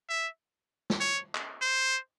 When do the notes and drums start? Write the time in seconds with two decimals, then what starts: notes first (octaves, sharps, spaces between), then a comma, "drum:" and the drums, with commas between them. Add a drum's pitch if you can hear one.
0.09 E5
0.90 drum: snare
1.00 C#5
1.35 drum: clap
1.61 C5